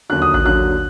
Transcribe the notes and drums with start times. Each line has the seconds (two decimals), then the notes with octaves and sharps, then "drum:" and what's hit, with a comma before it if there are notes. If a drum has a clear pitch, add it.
0.09 D#2 D3 F#3 F#6
0.22 D#6
0.34 F#6, drum: kick A1
0.45 D#2 D3 F#3 F#6